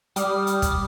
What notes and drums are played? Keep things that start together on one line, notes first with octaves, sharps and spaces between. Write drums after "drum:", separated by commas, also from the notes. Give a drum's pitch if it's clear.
G3 D6 D#6 F6, drum: hi-hat
drum: hi-hat
drum: kick, hi-hat